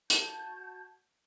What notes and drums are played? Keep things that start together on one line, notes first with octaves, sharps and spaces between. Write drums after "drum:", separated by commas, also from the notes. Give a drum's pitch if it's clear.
F#4 A5 G6 G#6, drum: hi-hat